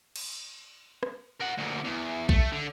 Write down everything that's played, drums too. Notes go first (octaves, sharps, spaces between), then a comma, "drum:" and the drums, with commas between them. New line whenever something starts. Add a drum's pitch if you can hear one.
drum: cymbal
drum: rim click
A#4 F#5
D2 A#2
E2
A3, drum: kick A#1
D3